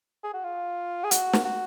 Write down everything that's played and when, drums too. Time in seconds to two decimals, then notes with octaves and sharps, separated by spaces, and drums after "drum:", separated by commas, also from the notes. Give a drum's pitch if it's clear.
0.24 G#4
0.33 F#4
0.44 F4
1.04 G#4
1.11 F#4, drum: hi-hat
1.33 drum: snare
1.45 F#4